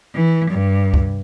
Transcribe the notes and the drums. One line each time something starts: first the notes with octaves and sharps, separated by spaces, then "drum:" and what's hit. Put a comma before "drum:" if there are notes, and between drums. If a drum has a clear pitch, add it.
E3
G2
drum: kick